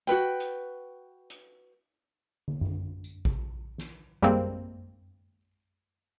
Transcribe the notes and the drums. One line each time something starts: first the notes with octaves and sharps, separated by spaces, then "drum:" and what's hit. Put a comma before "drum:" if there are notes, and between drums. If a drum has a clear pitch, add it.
F#4 A#4 B4 G5, drum: hi-hat
drum: hi-hat
drum: hi-hat
drum: tom
drum: tom F#2
drum: tambourine
drum: kick
drum: snare
G3 G#3 A#3 C4, drum: tom F#2